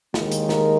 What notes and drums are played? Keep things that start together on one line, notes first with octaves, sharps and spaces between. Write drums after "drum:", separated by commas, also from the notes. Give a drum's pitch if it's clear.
D#2 D#3 G#3, drum: snare
drum: hi-hat
A#4, drum: snare